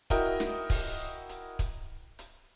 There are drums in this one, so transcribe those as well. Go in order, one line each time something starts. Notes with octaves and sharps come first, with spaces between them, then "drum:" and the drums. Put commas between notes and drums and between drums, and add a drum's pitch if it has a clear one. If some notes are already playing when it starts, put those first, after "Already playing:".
E4 F#4 A#4 D#5 G5, drum: kick C#1, hi-hat
drum: snare
drum: kick C#1, open hi-hat
drum: hi-hat
drum: kick C#1, hi-hat
drum: hi-hat